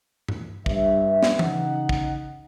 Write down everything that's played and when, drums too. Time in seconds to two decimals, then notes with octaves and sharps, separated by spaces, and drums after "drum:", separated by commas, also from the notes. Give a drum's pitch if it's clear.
0.28 drum: tom G2
0.66 G2 E5, drum: kick
1.23 drum: snare
1.39 C#3 D#4 F#5, drum: tom E3
1.89 drum: kick